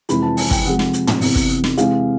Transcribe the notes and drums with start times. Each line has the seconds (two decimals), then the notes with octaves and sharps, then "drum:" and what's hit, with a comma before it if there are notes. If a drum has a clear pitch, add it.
0.09 F2 C3 E3 G#3 B5, drum: hi-hat
0.22 A5
0.37 G#5, drum: open hi-hat
0.51 G5, drum: kick, hi-hat
0.65 C3 F3 G#3 F#5
0.79 drum: snare
0.93 drum: hi-hat
1.07 drum: tom
1.21 E2 C3 E3, drum: open hi-hat
1.36 drum: kick, hi-hat
1.64 drum: snare
1.78 C3 E3 G#3 F5, drum: hi-hat